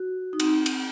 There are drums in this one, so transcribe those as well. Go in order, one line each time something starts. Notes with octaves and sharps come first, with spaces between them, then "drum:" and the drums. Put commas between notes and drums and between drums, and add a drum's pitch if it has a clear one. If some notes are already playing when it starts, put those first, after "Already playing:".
Already playing: F#4
D#4
C4, drum: cymbal
drum: cymbal